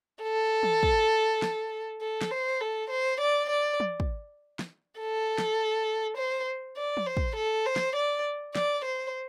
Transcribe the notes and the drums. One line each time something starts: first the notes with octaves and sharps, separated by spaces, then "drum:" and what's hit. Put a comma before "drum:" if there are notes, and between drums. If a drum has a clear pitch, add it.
A4
drum: tom
drum: kick
drum: snare
A4
drum: snare
C5
A4
C5
D5
D5
drum: tom
drum: kick
drum: snare
A4
drum: snare
C5
D5
drum: tom
C5
drum: kick
A4
C5
drum: snare
D5
D5, drum: snare
C5